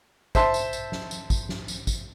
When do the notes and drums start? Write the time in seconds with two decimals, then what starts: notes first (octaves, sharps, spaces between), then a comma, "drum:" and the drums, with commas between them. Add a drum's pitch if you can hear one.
0.35 C5 E5 A5 C6, drum: kick, tambourine
0.54 drum: tambourine
0.73 drum: tambourine
0.92 drum: snare
1.11 drum: tambourine
1.30 drum: kick, tambourine
1.49 drum: snare
1.68 drum: tambourine
1.87 drum: kick, tambourine